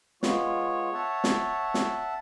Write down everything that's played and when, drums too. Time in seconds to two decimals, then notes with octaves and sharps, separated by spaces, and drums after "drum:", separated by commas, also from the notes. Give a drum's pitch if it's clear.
0.23 G#3 B3 F4 C#5, drum: snare
0.93 E5 F#5 A5
1.24 drum: snare
1.74 drum: snare